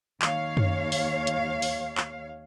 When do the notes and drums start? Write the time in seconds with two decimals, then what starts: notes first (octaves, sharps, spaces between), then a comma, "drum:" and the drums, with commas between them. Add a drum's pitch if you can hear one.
0.22 D#2 C#5 F5, drum: clap
0.57 drum: tom F#2
0.92 drum: open hi-hat
1.27 drum: hi-hat
1.62 drum: open hi-hat
1.97 drum: clap